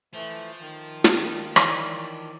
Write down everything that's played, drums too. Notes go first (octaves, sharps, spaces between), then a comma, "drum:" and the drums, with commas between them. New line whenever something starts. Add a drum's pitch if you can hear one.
E3 F3 A3
D#3
drum: snare
E3 C#5 D5, drum: rim click